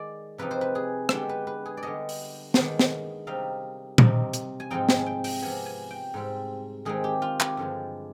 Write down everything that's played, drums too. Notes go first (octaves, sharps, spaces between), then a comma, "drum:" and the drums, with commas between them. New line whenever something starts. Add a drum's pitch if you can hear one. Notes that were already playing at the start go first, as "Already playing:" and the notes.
Already playing: D#3 G#3 D5
C3 F3 C4 D#4 B4
C5
B4
G#4
D3 G#3 B3 D4 G4, drum: rim click
B4
B4
G#4
D5
D3 G3 B3 D4 D#5
drum: open hi-hat
D#3 G#3 B3 D4, drum: snare
drum: snare
C3 G3 C4 D#4 F5
C3 G3 C4 D#4, drum: tom A#2
drum: hi-hat
G#5
G#2 F3 C4 D#4 G5
G#5, drum: snare
G5
G5, drum: open hi-hat
C3 F3 B3 G#5
G#5
G5
G#2 G3 C4
D#3 G#3 C4 D#4 G#4
G4
F4
G4, drum: clap
G2 D3 F3 G#3